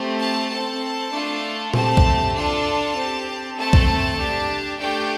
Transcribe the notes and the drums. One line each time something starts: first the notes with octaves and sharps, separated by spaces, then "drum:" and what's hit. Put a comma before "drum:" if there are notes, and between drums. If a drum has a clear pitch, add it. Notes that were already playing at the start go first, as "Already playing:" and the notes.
Already playing: A3 C4 G4
A5
C4 A4 A5
A3 D4 F4 A4
A3 C4 G4 A5, drum: tom A#2
drum: kick B1
D4 F4 A4 A5
C4 G4
A3 C4 A4 A5
drum: kick B1
D4 G4
A3 D4 G4 G5